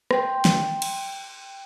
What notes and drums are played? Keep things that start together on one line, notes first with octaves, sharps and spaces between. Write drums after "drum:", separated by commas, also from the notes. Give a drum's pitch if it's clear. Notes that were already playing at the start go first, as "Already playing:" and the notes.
G5 C6, drum: rim click
drum: snare
drum: cymbal